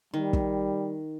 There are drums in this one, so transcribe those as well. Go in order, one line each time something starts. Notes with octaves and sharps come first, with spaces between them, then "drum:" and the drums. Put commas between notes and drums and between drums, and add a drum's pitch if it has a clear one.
D#3 G3
drum: kick